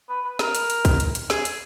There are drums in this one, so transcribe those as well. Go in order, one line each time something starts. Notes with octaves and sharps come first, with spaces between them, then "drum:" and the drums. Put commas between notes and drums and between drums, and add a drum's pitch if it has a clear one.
B4
B4
A#4, drum: snare
drum: hi-hat
drum: hi-hat
drum: kick, hi-hat
drum: hi-hat
drum: hi-hat
G#4, drum: snare
drum: hi-hat